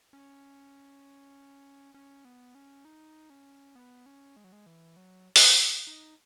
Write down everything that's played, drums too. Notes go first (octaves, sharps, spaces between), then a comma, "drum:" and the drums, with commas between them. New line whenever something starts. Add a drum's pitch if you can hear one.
C#4
C#4
B3
C#4
D#4
C#4
B3
C#4
G#3
F#3
G#3
E3
F#3
drum: open hi-hat
D#4